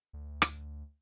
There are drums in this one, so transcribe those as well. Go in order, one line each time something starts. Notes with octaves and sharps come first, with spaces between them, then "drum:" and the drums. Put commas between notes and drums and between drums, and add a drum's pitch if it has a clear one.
D2
drum: rim click